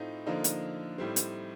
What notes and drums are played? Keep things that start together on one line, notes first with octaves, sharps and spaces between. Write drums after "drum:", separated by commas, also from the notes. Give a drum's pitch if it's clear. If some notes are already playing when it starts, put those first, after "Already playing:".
Already playing: A2 A3 C4 D#4 F4
D3 F3 A#3 D#4
drum: hi-hat
A2 G3 C4
drum: hi-hat